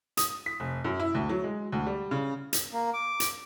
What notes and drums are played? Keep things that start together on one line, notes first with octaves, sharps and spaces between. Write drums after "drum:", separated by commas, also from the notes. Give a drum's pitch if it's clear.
D#6, drum: hi-hat
B6
F1
F#2
E4
D2
F#3
G#3
D2
G3
C#3
drum: hi-hat
A#3
D6
drum: hi-hat